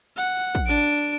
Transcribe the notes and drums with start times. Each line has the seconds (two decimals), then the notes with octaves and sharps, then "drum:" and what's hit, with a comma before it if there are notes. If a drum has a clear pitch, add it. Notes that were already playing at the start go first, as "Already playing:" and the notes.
0.17 F#5
0.55 drum: kick
0.67 D4 D7